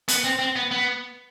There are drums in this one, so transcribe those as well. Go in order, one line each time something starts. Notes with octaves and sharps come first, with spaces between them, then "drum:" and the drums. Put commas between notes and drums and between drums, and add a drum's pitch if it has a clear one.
B3, drum: hi-hat
C4
C4
B3
B3